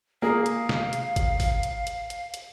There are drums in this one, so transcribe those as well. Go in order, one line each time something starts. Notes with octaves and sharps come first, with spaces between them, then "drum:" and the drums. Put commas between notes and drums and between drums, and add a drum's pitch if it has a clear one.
A#3 G#4 F5
drum: hi-hat
drum: snare
drum: hi-hat
drum: kick G1, hi-hat
drum: kick G1, open hi-hat
drum: hi-hat
drum: hi-hat
drum: hi-hat
drum: hi-hat